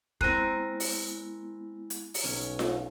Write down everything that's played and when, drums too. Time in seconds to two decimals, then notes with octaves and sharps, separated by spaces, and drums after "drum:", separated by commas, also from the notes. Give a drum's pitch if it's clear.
0.21 G#3 B3 C4 E4 A#4 F#6 A#6, drum: kick
0.80 drum: open hi-hat
1.90 drum: hi-hat
2.14 drum: open hi-hat
2.24 B1 C#4
2.59 drum: snare F4